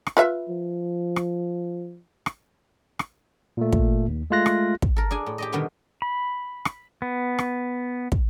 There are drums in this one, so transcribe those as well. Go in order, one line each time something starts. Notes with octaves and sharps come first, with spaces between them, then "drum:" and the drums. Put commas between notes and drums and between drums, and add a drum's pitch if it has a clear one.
drum: rim click
F4 B4 E5
F3
drum: rim click
drum: rim click
drum: rim click
A#2 A3
drum: kick
D#2
G#3 A3 F4 F#6 A#6
drum: rim click
drum: kick
A4 A#4
D4 G#4 G#5
A2
G4 D5 D#5
B2 D3 D#3 G3 B3
B5
drum: rim click
B3
drum: rim click
drum: kick